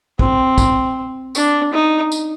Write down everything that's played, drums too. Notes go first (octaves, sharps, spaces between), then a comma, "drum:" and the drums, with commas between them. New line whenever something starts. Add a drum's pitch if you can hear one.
C4, drum: kick
drum: kick, tambourine
D4, drum: tambourine
D#4
drum: tambourine